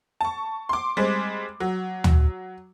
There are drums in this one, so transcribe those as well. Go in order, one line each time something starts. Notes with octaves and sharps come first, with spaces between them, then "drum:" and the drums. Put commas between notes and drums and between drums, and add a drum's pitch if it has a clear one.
A5 C#6
C6 D6
G3 G#3 C4
F#3
drum: tom